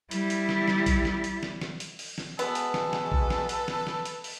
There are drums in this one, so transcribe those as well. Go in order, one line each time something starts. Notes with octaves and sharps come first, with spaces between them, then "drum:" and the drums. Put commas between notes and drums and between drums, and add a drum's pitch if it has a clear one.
G3 E4, drum: hi-hat
drum: hi-hat
drum: snare
drum: snare
drum: kick A#1, hi-hat
drum: snare
drum: hi-hat
drum: snare
drum: snare
drum: hi-hat
drum: open hi-hat
drum: snare
G#3 B3 F#4 A4 B4, drum: hi-hat
drum: hi-hat
drum: snare
drum: snare
drum: kick A#1
drum: snare
drum: hi-hat
drum: snare
drum: snare
drum: hi-hat
drum: open hi-hat